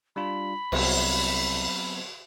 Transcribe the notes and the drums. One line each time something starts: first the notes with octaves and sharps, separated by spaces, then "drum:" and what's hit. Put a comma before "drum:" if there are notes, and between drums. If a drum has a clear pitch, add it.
G3 D4 F4 B5
C2 F#3 B3 C4, drum: cymbal